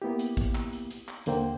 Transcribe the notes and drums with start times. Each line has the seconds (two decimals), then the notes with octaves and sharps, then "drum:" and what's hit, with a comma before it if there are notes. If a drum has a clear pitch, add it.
0.02 A#3 B3 E4 G4
0.19 drum: hi-hat
0.37 drum: kick, hi-hat
0.55 drum: clap
0.73 drum: hi-hat
0.91 drum: hi-hat
1.08 drum: clap
1.26 D#2 D3 A#3 C5 G5, drum: hi-hat